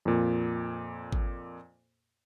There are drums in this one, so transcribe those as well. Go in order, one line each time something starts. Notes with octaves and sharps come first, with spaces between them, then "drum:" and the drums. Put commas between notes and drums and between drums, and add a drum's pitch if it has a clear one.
F2 A#2
drum: kick G#1